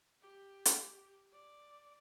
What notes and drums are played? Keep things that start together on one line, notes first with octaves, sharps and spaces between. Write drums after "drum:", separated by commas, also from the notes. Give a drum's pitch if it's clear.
G4
drum: hi-hat
D5